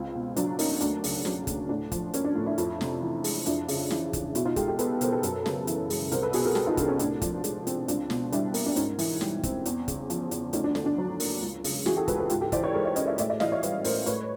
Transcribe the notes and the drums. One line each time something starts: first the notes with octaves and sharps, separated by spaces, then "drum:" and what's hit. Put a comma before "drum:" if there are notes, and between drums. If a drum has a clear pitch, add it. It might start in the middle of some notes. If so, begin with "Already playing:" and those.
Already playing: C#2 C4
B2
F#3 D4, drum: hi-hat
A#3 C#4 D#4, drum: open hi-hat
D2 D4, drum: hi-hat
C#3, drum: open hi-hat
F#3 C#4, drum: snare
D2, drum: kick, hi-hat
A2 D4
F3, drum: kick, hi-hat
A#3 C#4, drum: hi-hat
D4
A2
D4 E4
F2, drum: hi-hat
C3, drum: snare
E3
G#3, drum: open hi-hat
F2 D4 E4, drum: hi-hat
C#3, drum: open hi-hat
E3, drum: snare
F2, drum: kick, hi-hat
B2 E4 F#4, drum: hi-hat
D#4 F4
G#3 G4 A4, drum: kick, hi-hat
G4 A4
B3 A4 B4, drum: hi-hat
B2 A#4 C5, drum: hi-hat
A4 B4
F#2, drum: hi-hat
C#3, drum: snare
E3, drum: hi-hat
G#3, drum: open hi-hat
C2 A#4 C5, drum: hi-hat
A4 B4
B2 F#4 G#4, drum: open hi-hat
G#4 A#4
G#3 G4 A4, drum: snare
D#4 F4
C2 D4, drum: kick, hi-hat
C#4
A2 D4, drum: hi-hat
F3, drum: kick, hi-hat
G#3, drum: hi-hat
C4, drum: hi-hat
C#2 D4, drum: hi-hat
B2, drum: snare
G3 D4 E4, drum: hi-hat
A#3, drum: open hi-hat
D4
G#2 C#4 D#4, drum: hi-hat
E3, drum: open hi-hat
G3, drum: snare
C4, drum: kick, hi-hat
E2, drum: hi-hat
C#3, drum: kick, hi-hat
F3, drum: hi-hat
E2, drum: hi-hat
D2 C#4 D#4, drum: hi-hat
D4
D3 D4, drum: snare
D4
F#3
A#3, drum: open hi-hat
C#2
C#3, drum: open hi-hat
E3 F#4 G#4, drum: snare
G4 A4
C#2 A4 B4, drum: kick, hi-hat
A4 B4
G#2 F4 G4, drum: hi-hat
G4 A4
E3 C5 D5, drum: kick, hi-hat
B4 C#5
G#3 A#4 C5
C5 D5
C#4 C#5 D#5, drum: hi-hat
D5 E5
A2 D5 E5, drum: hi-hat
D5 E5
E3 D#5 F5, drum: snare
C#5 D#5
G3 B4 C#5, drum: hi-hat
A2 A#4 C5, drum: open hi-hat
A2 B4 C#5, drum: hi-hat